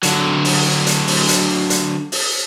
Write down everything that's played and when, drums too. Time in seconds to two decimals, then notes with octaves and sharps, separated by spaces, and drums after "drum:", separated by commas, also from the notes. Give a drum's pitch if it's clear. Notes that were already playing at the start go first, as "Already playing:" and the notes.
0.03 D3 F#3, drum: hi-hat
0.45 drum: open hi-hat
0.86 drum: hi-hat
1.07 drum: open hi-hat
1.28 drum: hi-hat
1.70 drum: hi-hat
2.12 drum: open hi-hat